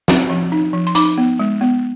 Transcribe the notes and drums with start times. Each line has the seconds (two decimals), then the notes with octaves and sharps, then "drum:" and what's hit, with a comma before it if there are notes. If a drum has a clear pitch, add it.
0.08 C4, drum: snare
0.30 F3
0.52 D#4
0.73 F3
0.87 C6
0.95 D#4 B5 D6, drum: hi-hat
1.18 B3
1.39 G#3
1.61 B3